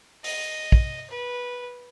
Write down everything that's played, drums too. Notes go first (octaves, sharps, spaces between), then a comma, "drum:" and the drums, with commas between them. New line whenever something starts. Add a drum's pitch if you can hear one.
D#5, drum: open hi-hat
drum: kick
B4